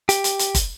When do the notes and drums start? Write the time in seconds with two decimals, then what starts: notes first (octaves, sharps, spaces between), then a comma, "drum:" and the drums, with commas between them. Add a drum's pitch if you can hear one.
0.09 G4, drum: hi-hat
0.24 drum: hi-hat
0.39 drum: hi-hat
0.55 drum: kick, hi-hat